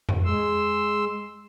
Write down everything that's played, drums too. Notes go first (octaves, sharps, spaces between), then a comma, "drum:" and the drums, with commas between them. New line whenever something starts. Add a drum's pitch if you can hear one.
drum: tom F2
G#3 C6 E6